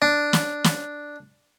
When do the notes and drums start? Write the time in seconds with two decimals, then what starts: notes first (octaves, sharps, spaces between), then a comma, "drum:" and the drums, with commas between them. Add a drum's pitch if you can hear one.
0.02 D4
0.33 drum: snare
0.64 drum: snare